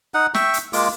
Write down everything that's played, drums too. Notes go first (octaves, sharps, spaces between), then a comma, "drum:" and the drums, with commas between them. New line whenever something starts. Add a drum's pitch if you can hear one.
D#4 F#5
E5 G5 C#6, drum: snare
drum: hi-hat
G#3 A#3 F4 D6, drum: open hi-hat